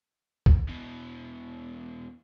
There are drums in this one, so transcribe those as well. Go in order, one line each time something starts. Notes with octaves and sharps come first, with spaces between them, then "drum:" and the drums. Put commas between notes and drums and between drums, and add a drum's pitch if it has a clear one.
drum: kick
E2 B2